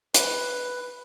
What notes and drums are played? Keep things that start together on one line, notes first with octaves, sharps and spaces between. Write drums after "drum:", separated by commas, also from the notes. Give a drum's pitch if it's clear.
B4, drum: hi-hat